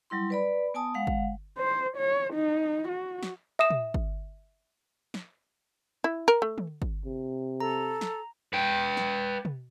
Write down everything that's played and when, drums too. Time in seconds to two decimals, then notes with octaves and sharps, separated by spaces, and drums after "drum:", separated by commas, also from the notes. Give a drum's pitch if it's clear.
0.10 F#3 G3 E4 C6
0.30 B4 D5 B5
0.74 B3 G#5 A5 D#6
0.94 G#3 F5 F#5
1.07 drum: kick
1.58 C5
1.97 C#5
2.34 D#4
2.88 F#4
3.23 drum: snare
3.59 E5 D#6 E7
3.70 drum: tom
3.94 drum: kick
5.14 drum: snare
6.04 E4
6.28 A#4
6.42 A3
6.58 drum: tom
6.82 drum: kick
7.06 C3
7.60 A4 A#5
8.01 drum: snare
8.53 B4 G5
8.97 drum: snare
9.45 drum: tom